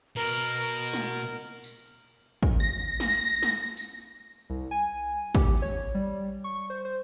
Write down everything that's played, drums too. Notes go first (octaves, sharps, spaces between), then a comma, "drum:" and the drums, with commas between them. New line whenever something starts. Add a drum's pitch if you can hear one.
B2 A#4, drum: cymbal
drum: snare
drum: tambourine
drum: kick
A#6
drum: snare
drum: snare
drum: tambourine
C2
G#5
G4, drum: kick
C#5
G3
C#6
C5
C5